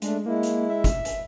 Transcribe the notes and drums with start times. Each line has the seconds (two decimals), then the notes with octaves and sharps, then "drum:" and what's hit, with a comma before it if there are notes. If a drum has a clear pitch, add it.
0.02 G#3 A3 D4, drum: hi-hat
0.26 G#3 A#3 E4
0.43 drum: hi-hat
0.70 E5
0.84 drum: kick, hi-hat
1.05 drum: hi-hat